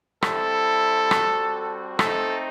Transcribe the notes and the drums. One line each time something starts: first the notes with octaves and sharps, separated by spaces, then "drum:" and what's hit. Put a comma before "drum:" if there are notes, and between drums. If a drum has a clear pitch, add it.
G3 C4 E4 A4, drum: rim click
G3 C4 F#4, drum: rim click
A3 C4 D#4 A4, drum: rim click